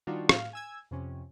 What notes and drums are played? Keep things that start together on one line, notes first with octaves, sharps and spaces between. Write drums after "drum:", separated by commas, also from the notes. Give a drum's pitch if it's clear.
D#3 G3 D4 D#4 F4 F#4
A2 F5, drum: rim click
G#5 E6 G#6
F2 C3 C#4